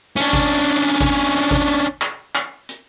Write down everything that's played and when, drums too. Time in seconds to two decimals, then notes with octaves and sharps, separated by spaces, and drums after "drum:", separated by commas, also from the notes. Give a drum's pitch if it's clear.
0.16 C#4 D4
0.33 drum: kick G#1, hi-hat
1.01 drum: kick G#1, hi-hat
1.34 drum: hi-hat
1.51 drum: kick G#1
1.68 drum: hi-hat
2.01 drum: clap
2.35 drum: clap
2.69 drum: hi-hat